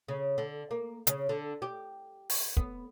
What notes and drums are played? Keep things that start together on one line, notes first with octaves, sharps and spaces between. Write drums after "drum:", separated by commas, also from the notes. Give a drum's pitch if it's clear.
C#3
D3
A#3
C#3, drum: hi-hat
D3
G4
drum: open hi-hat
B3, drum: kick